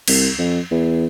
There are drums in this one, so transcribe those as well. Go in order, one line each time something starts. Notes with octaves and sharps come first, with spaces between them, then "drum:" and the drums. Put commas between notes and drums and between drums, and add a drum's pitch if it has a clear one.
C2, drum: cymbal
F2
E2